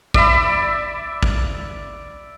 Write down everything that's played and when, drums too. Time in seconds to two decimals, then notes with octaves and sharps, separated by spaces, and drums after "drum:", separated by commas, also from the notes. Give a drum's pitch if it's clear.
0.14 D5 E5 B5, drum: kick
1.23 drum: kick